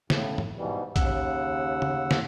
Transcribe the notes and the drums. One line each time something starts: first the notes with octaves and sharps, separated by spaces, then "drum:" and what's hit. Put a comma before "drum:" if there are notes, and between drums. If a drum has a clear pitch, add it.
A2 C#3, drum: snare
drum: tom
G#2 B2 E3 G3
D#2 C#3 F#5 E6, drum: kick B1, hi-hat
drum: tom C#3
drum: snare